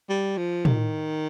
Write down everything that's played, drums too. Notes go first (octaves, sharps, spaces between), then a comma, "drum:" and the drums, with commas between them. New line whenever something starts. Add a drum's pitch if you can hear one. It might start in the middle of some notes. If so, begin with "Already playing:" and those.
G3
F3
D#3, drum: tom